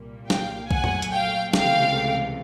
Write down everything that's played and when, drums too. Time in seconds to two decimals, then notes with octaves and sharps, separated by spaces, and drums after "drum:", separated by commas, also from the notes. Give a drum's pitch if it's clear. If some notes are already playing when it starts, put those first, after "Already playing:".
Already playing: C2 A#2 G3 A#3
0.30 F5 G5, drum: snare
0.71 A#2 F#3 A3 F#5 G#5, drum: kick B1
0.84 drum: tom F2
1.02 drum: hi-hat
1.12 F5 G5
1.53 C#2 C3 E3 A3 F5 G5, drum: snare